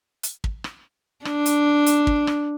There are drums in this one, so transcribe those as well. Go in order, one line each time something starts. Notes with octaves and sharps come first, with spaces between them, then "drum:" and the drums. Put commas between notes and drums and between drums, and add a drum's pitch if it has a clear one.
drum: hi-hat
drum: kick
drum: rim click
D4, drum: rim click
drum: hi-hat
drum: hi-hat
drum: kick
drum: rim click